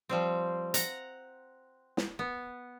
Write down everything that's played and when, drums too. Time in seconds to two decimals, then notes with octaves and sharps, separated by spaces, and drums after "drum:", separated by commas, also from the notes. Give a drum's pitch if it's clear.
0.09 F3 G3 C4
0.74 F#5 A#5, drum: hi-hat
1.97 drum: snare
2.19 B3